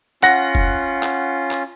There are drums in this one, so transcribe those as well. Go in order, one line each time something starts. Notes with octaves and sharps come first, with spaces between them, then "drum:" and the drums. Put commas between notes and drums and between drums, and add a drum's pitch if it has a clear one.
C#4 F4 F#5 A#6, drum: clap
drum: kick
drum: clap
drum: clap